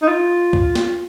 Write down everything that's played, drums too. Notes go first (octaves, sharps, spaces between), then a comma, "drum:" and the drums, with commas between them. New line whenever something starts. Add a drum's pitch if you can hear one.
D#4
F4
drum: kick
drum: snare